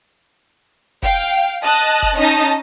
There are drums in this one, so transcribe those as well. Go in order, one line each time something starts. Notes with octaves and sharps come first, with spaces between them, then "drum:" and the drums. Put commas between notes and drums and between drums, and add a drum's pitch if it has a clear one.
F5 G5, drum: kick F1
D#5 A5 F#6
drum: kick F1
C#4 D#4 D#5 A5